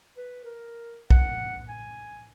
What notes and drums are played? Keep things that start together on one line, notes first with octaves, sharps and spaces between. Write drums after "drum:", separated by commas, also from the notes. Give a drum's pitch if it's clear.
B4
A#4
F#5, drum: kick
G#5